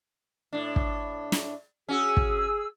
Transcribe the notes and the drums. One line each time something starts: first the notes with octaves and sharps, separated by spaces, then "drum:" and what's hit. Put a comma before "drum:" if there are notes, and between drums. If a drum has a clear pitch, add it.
A2 D4
drum: kick
drum: snare
C#4 F#4 G#4 E6
drum: kick